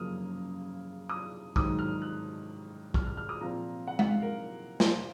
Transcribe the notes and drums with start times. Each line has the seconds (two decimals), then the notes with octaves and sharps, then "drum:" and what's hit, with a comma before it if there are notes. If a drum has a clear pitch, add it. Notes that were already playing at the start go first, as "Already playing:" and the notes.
Already playing: F#2 C#3 F3 A#3 D#6 F6
1.09 D#6
1.56 G#2 D#3 F#3 D#6, drum: kick
1.79 F6
2.02 F#6
2.94 F6, drum: kick
3.07 F6
3.17 F6
3.29 D#6
3.41 A#2 F3 C4 A#5
3.87 F#5
3.99 F#5, drum: tom G#3
4.10 F5
4.22 A#4
4.80 C5, drum: snare